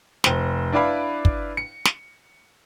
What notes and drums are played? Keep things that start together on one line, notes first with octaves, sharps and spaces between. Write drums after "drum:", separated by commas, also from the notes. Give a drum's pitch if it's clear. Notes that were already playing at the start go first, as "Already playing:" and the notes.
F1 C5 G7, drum: snare
D4 E4 B4 D5 F5 B5
drum: kick
C#7
drum: snare